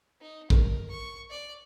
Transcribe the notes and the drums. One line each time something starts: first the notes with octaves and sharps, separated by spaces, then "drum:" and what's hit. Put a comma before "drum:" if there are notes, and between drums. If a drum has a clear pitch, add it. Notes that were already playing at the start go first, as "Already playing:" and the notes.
D#4
A#4, drum: kick
C#6
D5